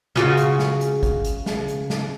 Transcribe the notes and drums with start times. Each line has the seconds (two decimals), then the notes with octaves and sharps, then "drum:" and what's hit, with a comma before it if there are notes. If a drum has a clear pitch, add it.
0.16 C#3 F4 F#4, drum: snare
0.37 drum: hi-hat
0.59 drum: snare
0.81 drum: hi-hat
1.03 drum: kick, hi-hat
1.25 drum: hi-hat
1.46 drum: snare
1.68 drum: hi-hat
1.90 drum: snare